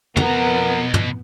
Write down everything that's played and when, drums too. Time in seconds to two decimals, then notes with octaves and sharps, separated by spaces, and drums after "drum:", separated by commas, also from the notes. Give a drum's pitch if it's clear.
0.17 F2 B2 B3 A#4 F#5 A#5, drum: tom
0.94 drum: tom